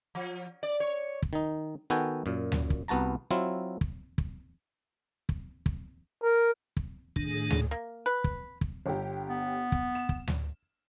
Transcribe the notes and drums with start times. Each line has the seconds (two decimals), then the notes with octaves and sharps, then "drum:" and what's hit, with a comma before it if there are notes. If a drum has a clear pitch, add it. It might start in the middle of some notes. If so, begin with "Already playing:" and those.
0.15 F3
0.63 D5
0.80 C#5
1.22 drum: kick
1.33 D#3 D#4
1.90 D#3 B3 F#4 A4 G5 G#5
2.26 F#2 A#2
2.52 drum: tom D2
2.70 drum: kick
2.88 C2 B3 F#4 A5 A#5
3.31 F#3 C4 E4 F4
3.81 drum: kick
4.18 drum: kick
5.29 drum: kick
5.66 drum: kick
6.23 A#4
6.77 drum: kick
7.16 A2 D#3 D4 G#4, drum: kick
7.50 drum: tom D2
7.71 A#3
8.06 B4
8.24 drum: kick
8.61 drum: kick
8.86 G1 D3 G4
9.30 B3
9.72 drum: kick
9.95 E7
10.09 drum: kick
10.28 drum: tom D2